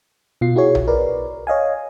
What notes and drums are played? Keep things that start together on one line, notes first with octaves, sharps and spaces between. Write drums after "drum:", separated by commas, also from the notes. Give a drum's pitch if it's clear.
B2 F4 C7
E4 F#4 G#4 C#5
drum: tom B1
A#4 B4 D5
C#5 D#5 F5 G#5